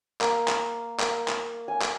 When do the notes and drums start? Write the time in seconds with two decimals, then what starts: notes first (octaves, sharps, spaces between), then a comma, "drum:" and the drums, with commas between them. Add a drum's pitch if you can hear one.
0.21 A#3, drum: clap
0.48 drum: clap
0.99 A#3, drum: clap
1.28 drum: clap
1.68 G#5
1.81 drum: clap